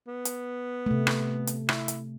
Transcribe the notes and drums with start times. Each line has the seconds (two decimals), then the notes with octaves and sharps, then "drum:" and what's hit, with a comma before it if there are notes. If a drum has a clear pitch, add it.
0.07 B3
0.25 drum: hi-hat
0.86 C3 A3
1.07 drum: rim click
1.47 drum: hi-hat
1.69 E4, drum: rim click
1.88 drum: hi-hat